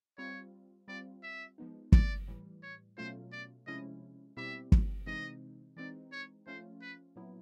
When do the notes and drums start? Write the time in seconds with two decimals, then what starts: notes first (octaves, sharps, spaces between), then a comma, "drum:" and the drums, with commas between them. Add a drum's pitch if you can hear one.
0.18 G3 C4 F4 C#5
0.88 G3 C4 F4 D5
1.23 E5
1.58 F3 G#3 B3 D#4
1.92 D5, drum: kick
2.28 A2 E3 G3
2.63 C#5
2.97 B2 F#3 A3 C#4 F4 C5
3.32 D5
3.67 C3 F3 G#3 C#4 E4 D#5
4.37 B2 G3 C4 E4 G4 E5
4.72 drum: kick
5.06 C3 E3 G#3 C4 D#4 D#5
5.77 E3 G#3 C4 D#4 D5
6.12 C#5
6.47 F3 A3 C#4 F4 C5
6.82 B4
7.16 A#2 F#3 B3 E4